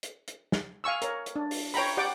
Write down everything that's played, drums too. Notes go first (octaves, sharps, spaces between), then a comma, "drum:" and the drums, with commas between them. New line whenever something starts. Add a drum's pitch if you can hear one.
drum: hi-hat
drum: hi-hat
drum: snare
F5 G#5 C#6 E6
A#4 C#5, drum: hi-hat
drum: hi-hat
D4
drum: open hi-hat
C#5 G5 A#5 B5, drum: open hi-hat
G4 D5 F#5 G5 D6